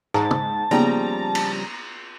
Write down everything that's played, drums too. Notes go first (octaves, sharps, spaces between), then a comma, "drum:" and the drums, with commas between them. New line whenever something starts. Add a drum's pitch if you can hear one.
G#2 A5 A#5, drum: rim click
drum: tom
C#3 F3 G3 A#3 B3 D#4 A#5
drum: cymbal